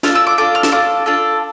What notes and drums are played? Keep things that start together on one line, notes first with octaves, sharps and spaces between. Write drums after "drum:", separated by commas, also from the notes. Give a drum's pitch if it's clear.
D4 F4 A4 F6, drum: snare
E6
D6
D4 F4 A4 D6
F6
E6, drum: snare
D4 F4 A4 D6
D4 F4 A4